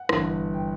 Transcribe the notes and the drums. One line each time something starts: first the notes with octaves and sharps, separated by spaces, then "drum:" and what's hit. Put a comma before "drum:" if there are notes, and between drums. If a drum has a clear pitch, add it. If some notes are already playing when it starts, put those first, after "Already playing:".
Already playing: F#5
G1 G2 E3, drum: rim click
G5